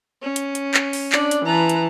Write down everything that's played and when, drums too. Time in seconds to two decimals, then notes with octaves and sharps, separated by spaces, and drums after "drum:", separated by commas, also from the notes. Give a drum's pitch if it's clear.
0.22 C#4
0.36 drum: hi-hat
0.55 drum: hi-hat
0.74 drum: clap
0.93 drum: open hi-hat
1.12 D4 D5, drum: clap
1.31 drum: hi-hat
1.45 E3 B4 A5 A#5
1.69 drum: hi-hat